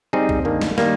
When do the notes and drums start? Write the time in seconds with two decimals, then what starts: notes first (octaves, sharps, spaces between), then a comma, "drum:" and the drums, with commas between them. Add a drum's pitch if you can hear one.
0.13 G3 C4 D#4 G#4
0.29 drum: kick
0.45 G2 D#3 G3 A#3
0.62 drum: snare
0.78 D#3 G3 A#3, drum: snare